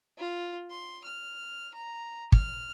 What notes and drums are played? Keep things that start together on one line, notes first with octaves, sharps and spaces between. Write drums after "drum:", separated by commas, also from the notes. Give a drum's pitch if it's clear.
F4
C6
F6
A#5
F6, drum: kick